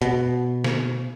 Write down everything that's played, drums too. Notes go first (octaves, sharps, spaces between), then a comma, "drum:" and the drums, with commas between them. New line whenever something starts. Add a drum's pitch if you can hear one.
B2, drum: hi-hat
drum: snare